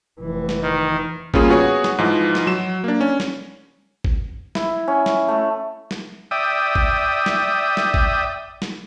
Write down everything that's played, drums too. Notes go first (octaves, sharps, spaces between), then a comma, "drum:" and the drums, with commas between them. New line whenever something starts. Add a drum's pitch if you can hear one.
F1 E3
drum: snare
D#3
C#3 G3 A#3 C#4 F4 G#4, drum: kick G#1
B3 F#4 G#4 C#5
drum: snare
G#2 E3 F3
drum: snare
F#3 E7
A#3 D4
C#4
drum: snare
drum: kick G#1
E4, drum: snare
C#4
drum: snare
A3
drum: snare
D5 E5 G5 D#6
drum: kick G#1
drum: snare
drum: snare
drum: kick G#1
drum: snare